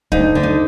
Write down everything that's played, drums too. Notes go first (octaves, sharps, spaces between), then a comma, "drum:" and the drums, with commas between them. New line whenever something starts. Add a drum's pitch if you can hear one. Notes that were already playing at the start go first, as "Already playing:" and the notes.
D2 D#4, drum: kick
D3
D#4